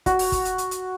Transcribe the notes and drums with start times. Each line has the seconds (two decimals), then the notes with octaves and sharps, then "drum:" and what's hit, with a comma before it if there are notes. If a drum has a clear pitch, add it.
0.06 F#4, drum: kick, hi-hat
0.19 drum: open hi-hat
0.32 drum: kick, hi-hat
0.45 drum: hi-hat
0.58 drum: hi-hat
0.71 drum: hi-hat